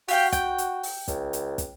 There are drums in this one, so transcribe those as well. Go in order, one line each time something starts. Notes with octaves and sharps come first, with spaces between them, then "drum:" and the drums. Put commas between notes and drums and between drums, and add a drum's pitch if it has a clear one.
F#4 G4 F5 G5, drum: open hi-hat
G5, drum: kick, hi-hat
drum: hi-hat
drum: open hi-hat
C#2, drum: kick, hi-hat
drum: hi-hat
drum: kick, hi-hat